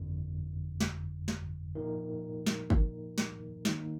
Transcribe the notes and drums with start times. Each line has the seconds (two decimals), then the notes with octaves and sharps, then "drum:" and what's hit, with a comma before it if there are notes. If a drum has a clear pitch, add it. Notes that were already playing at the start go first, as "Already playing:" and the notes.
Already playing: G1 F2 D3
0.80 drum: snare
1.28 drum: snare
1.75 A#2 F3 A#3 D#4 A#4
2.46 drum: snare
2.70 drum: kick G1
3.18 drum: snare
3.65 D#3 A#3 D#4, drum: snare